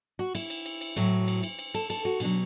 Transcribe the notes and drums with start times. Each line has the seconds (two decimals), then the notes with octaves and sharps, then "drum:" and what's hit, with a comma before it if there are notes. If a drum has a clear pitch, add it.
0.19 F#4
0.35 E4, drum: cymbal
0.50 drum: cymbal
0.66 drum: cymbal
0.81 drum: cymbal
0.96 A2 F#3, drum: cymbal
1.28 drum: cymbal
1.43 drum: cymbal
1.59 drum: cymbal
1.74 A4, drum: cymbal
1.90 A4, drum: cymbal
2.05 F#4
2.20 B2 F#3 D4, drum: cymbal